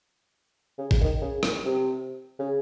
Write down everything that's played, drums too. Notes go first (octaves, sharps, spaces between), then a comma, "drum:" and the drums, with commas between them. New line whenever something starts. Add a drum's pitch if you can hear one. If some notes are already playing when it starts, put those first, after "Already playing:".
C#3
drum: kick G#1
D#3
C#3
A#2, drum: rim click
C3
C#3